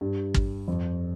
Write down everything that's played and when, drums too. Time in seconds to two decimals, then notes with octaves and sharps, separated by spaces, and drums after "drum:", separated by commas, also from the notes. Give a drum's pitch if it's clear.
0.01 G2
0.34 drum: kick
0.68 F2